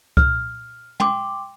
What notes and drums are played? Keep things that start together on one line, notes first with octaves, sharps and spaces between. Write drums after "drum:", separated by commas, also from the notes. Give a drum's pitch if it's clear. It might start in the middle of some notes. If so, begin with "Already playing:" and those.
F6, drum: kick C2
G5 C6 D6, drum: tom